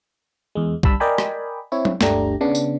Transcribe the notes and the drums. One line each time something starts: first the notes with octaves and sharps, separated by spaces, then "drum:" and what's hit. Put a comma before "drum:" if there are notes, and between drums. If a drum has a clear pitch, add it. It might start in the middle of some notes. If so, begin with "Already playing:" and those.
E2 G#3
G1 G2 G3 A5 B5 E6, drum: kick B1
A#4 D5 D#5 G5 G#5 B5
drum: rim click
C4 E4 C#5
drum: tom F#3
G1 D2 A3 D4 G4 A#5, drum: snare
C#3 B3 D4
drum: tambourine